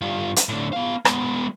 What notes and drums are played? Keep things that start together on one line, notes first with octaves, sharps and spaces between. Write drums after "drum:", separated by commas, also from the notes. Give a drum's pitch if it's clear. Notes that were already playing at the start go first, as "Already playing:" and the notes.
G2 F4
drum: hi-hat
A2 D3
B3 F5
G#3 B3, drum: rim click